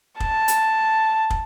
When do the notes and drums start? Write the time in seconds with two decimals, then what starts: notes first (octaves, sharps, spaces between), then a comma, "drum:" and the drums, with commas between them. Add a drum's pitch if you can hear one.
0.20 A5, drum: kick
0.48 drum: hi-hat
1.30 drum: kick